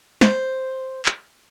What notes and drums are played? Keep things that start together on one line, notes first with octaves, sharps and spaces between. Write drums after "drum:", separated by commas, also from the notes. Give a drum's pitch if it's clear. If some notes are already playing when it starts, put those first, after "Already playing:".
C5, drum: snare
drum: clap